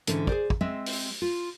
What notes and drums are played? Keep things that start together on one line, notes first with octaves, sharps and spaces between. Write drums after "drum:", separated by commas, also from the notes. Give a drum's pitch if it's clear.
G#2 D3 E3 C#4, drum: hi-hat
G#4 A#4 C5 D5, drum: kick
drum: kick
G#3 C4 D#5 E5
drum: open hi-hat
F4